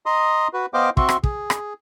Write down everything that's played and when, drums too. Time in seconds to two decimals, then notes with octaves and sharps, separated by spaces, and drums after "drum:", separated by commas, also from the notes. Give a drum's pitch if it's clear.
0.06 D#5 A#5 C6 D#6
0.53 F#4 B4
0.74 B3 C5 D#5 F5 G5 D6
0.97 C4 F#4 E5 C6 C#6, drum: kick
1.09 drum: rim click
1.24 G#4, drum: kick
1.50 drum: rim click